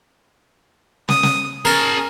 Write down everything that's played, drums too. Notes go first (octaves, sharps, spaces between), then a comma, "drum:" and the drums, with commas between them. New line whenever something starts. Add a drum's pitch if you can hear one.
D#6, drum: snare
drum: snare
C#4 G#4 A#4 A5